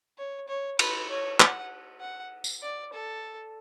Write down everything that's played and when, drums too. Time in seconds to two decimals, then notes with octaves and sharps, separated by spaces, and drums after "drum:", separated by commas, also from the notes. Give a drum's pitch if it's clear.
0.18 C#5
0.48 C#5
0.79 B4, drum: cymbal
1.10 C#5
1.40 F#5, drum: clap
2.01 F#5
2.44 drum: tambourine
2.62 D5
2.93 A4